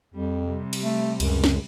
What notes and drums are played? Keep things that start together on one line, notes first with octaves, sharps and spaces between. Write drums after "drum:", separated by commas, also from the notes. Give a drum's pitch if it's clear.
F2 G3
C3 G3
drum: cymbal
A3
C#2 F#2, drum: cymbal
drum: snare